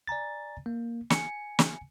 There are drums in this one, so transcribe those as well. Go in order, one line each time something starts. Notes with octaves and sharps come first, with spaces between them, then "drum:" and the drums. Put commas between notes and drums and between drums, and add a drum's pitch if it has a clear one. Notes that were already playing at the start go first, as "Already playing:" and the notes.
D5 G#5 A#5 A6
A#3
G#5 C#7, drum: snare
drum: snare